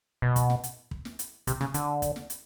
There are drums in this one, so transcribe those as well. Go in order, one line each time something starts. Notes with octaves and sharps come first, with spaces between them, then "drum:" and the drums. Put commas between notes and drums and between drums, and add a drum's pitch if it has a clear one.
B2
drum: kick, hi-hat
drum: snare
drum: hi-hat
drum: kick
drum: snare
drum: hi-hat
C3, drum: kick, hi-hat
C#3, drum: snare
D3, drum: hi-hat
drum: kick, hi-hat
drum: snare
drum: hi-hat